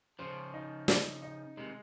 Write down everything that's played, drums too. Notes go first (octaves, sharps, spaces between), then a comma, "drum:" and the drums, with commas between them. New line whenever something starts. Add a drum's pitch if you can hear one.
C#3 F3 C5
D#4
D#4, drum: snare
D#4
C3 D#3 G#3